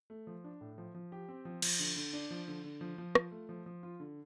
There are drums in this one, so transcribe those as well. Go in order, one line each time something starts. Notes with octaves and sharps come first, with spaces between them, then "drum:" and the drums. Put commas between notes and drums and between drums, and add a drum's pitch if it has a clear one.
A3
F3
D4
A2
F3
F3
G4
C4
F3
F3, drum: cymbal
D3
D3
D4
F3
D3
D3
F3
F3
F4, drum: rim click
A3
F3
F3
F4
D3